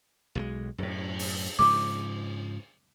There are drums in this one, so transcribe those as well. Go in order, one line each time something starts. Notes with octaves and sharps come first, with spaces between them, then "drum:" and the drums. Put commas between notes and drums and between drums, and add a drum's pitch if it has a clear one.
B1 D#3 G#3
F#2 A2, drum: cymbal
drum: open hi-hat
G#2 C#3 F3 D6